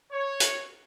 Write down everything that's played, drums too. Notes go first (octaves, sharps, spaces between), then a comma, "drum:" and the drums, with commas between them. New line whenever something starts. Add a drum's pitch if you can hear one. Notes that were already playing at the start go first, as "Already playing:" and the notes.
C#5
drum: hi-hat